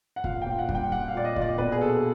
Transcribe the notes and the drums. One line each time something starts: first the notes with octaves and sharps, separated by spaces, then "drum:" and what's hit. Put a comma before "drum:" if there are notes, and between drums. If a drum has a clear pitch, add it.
F#5
A#2 F5, drum: kick
A#2 G5
F#5
G3, drum: kick
G5
G3 F#5
F5
A#2 D5
D#5
A#2, drum: kick
D5
B2 B4
G#4
B2 A4